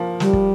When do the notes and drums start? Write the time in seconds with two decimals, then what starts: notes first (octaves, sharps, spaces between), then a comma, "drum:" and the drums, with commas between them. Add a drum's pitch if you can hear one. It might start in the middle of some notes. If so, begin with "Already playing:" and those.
Already playing: F3 A#3
0.20 G3, drum: snare
0.33 drum: kick